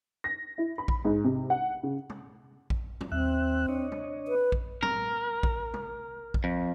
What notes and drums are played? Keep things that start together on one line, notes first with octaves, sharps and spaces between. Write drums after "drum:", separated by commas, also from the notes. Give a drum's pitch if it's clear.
A#6
E4
B5
drum: kick A#1
G#2
C3
F#5
C#3
drum: tom
drum: kick A#1
drum: tom
D#2 C4 E5 F#6
D4 C#5 D#5
drum: tom
B4
drum: kick A#1
A#4, drum: tom
drum: kick A#1
drum: tom
drum: kick A#1
F2